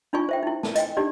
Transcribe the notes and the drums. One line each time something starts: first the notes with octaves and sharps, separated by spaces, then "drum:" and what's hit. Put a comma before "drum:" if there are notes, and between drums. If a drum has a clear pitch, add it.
D4 D#4 F4 D5 G#5 C#6
C5 E5 G5
D#4 E4
A5, drum: snare
D#5 G5 G#5, drum: hi-hat
D4 D#4 G4 D5